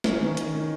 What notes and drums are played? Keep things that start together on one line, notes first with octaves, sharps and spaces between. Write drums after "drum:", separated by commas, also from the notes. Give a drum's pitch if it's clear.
C#4, drum: snare
D#3
D#3, drum: hi-hat
D#3